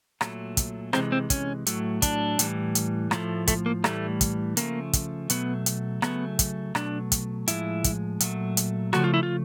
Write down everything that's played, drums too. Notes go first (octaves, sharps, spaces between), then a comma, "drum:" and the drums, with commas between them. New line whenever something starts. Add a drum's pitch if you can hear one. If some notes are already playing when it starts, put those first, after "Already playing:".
A#2 F#3 A3, drum: rim click
drum: kick, hi-hat
C3 E3 G#3 C4, drum: rim click
C4
C#4, drum: kick, hi-hat
A2 F#3 A3, drum: hi-hat
D4, drum: kick, hi-hat
A2 E3 G3, drum: hi-hat
drum: hi-hat
A2 F3 A3, drum: rim click
A3, drum: kick, hi-hat
A#3
A2 E3 G3 A3, drum: rim click
drum: kick, hi-hat
C#3 F3 A3 A#3, drum: hi-hat
drum: kick, hi-hat
B2 F#3 A3 B3, drum: hi-hat
drum: hi-hat
C#3 F#3 A3 B3, drum: rim click
drum: kick, hi-hat
B2 F#3 A3 D4, drum: rim click
drum: kick, hi-hat
A2 F3 G#3 E4, drum: hi-hat
drum: kick, hi-hat
A#2 F#3 A3, drum: hi-hat
drum: hi-hat
C#3 F3 A3 F#4, drum: rim click
F4
E4
F4